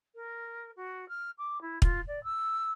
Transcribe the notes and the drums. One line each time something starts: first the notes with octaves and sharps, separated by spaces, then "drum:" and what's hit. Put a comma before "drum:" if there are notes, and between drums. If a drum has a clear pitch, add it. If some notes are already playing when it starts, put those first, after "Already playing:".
A#4
F#4
F6
D6
E4
F4, drum: kick
D5
E6